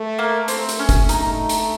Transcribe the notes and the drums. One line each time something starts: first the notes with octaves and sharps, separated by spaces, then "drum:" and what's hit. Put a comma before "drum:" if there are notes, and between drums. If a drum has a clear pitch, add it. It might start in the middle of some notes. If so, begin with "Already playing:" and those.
Already playing: A3
A#3
A3 C4, drum: hi-hat
drum: hi-hat
C#4
drum: kick F#1, hi-hat
D#4, drum: hi-hat
drum: hi-hat